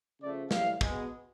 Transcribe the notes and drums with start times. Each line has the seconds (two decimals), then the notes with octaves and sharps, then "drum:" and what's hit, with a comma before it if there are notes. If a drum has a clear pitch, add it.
0.21 C#3 F3 A3 D5
0.51 A2 E3 G3 F5, drum: snare
0.81 B2 G#3, drum: kick